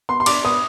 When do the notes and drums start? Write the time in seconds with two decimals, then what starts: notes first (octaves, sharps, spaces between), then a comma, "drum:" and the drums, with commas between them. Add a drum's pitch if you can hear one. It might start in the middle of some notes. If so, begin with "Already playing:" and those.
0.09 B3 C6
0.20 C6
0.26 D4 D6, drum: cymbal
0.44 B3 D#6